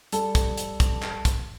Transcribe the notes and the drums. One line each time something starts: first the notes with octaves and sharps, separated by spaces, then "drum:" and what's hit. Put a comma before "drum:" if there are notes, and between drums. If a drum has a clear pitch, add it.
G3 A4, drum: hi-hat
drum: kick, hi-hat
drum: hi-hat
drum: kick, hi-hat
drum: clap
drum: kick, hi-hat